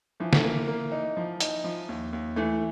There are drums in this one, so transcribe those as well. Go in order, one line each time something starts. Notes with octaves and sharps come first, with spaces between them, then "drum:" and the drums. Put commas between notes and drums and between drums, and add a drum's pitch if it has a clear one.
E3 F3
drum: snare
A#3
A#3
D#4
F3
D#4, drum: hi-hat
F3
D#2
D#2
E3 A3